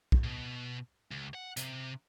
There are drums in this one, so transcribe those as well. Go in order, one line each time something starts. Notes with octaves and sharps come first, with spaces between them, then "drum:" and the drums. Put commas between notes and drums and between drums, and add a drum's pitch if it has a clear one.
drum: kick
B2
C#2
F#5
C3, drum: hi-hat